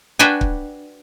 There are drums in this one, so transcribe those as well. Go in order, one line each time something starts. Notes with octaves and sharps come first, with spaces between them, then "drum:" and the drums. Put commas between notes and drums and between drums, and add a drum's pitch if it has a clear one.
D4 F#4 B4 G5 G#5
drum: kick